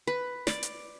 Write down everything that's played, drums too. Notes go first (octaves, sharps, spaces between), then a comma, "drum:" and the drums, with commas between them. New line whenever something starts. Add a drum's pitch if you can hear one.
B4
D5, drum: snare
drum: hi-hat